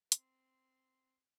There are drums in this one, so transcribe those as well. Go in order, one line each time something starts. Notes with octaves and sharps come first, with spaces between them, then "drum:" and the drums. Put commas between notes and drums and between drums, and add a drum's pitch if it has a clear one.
C4 C6, drum: hi-hat